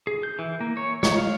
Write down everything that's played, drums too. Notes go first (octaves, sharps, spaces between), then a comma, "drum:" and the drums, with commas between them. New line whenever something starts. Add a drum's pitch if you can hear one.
G#4
G6
E3
A#3
C#5
C#5, drum: snare
F5